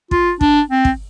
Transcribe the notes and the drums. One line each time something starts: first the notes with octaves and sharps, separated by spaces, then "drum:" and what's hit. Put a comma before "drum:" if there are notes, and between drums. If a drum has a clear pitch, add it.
F4, drum: kick
D4, drum: kick
C4
drum: kick